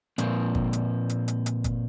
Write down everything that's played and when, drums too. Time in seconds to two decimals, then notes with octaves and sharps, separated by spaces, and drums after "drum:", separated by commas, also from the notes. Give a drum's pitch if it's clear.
0.18 A#2 F3 A#3 C4, drum: hi-hat
0.55 drum: kick
0.73 drum: hi-hat
1.09 drum: hi-hat
1.28 drum: hi-hat
1.46 drum: hi-hat
1.64 drum: kick, hi-hat